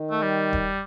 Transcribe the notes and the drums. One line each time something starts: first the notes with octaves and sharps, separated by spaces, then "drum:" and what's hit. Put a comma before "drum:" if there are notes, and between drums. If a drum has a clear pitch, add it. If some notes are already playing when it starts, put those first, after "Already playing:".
Already playing: D#3
A3
G3
drum: kick D#1